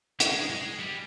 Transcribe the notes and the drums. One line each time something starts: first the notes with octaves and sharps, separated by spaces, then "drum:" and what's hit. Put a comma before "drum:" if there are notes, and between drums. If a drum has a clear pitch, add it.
G#3, drum: hi-hat
G#3
G3